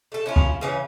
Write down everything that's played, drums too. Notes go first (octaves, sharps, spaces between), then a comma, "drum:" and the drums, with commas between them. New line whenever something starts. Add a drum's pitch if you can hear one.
A3 A4
C#4 E4 F4
drum: kick
C#3 E3 C#4